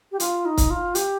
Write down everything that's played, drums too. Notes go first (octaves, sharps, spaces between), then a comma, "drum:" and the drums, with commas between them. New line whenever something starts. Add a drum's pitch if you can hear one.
G4
F4, drum: hi-hat
D#4
drum: kick C#1, hi-hat
F4
G4, drum: hi-hat